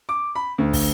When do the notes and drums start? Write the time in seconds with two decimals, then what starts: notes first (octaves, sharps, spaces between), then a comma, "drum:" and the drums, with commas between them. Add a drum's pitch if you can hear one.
0.09 D6
0.35 B5
0.58 D2
0.73 drum: kick, open hi-hat